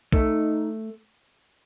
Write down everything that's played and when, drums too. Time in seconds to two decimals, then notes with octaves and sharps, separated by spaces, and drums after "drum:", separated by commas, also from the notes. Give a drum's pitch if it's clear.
0.12 A3 D#4, drum: kick